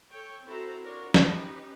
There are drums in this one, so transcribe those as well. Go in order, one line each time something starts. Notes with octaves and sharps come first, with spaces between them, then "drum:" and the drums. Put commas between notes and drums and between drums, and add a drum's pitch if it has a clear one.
A4 C#5 G5
C4 E4 F#4 A4 C5 A#5
D4 F4 F#4 A#4 C#5
C#4 D#4 G4 B4 D#5, drum: snare